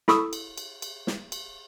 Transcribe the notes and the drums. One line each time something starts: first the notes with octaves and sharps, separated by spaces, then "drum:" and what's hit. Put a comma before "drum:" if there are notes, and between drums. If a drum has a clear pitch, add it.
E4 A4 B5 C#6 D#6 E6, drum: snare
drum: cymbal
drum: cymbal
drum: cymbal
drum: snare
drum: cymbal